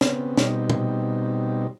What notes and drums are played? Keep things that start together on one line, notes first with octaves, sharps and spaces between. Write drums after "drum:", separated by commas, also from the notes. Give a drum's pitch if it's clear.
C#3 B3 C4, drum: snare
B2 G3 C4 D#4, drum: snare
drum: tom